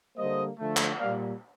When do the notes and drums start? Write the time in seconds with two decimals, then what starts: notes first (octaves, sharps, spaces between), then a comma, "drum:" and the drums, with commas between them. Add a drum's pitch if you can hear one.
0.17 D3 G3 A#3 C5 D#5
0.58 D3 F3 A3
0.77 drum: clap
0.99 A#2 G3 A#3 D5 F5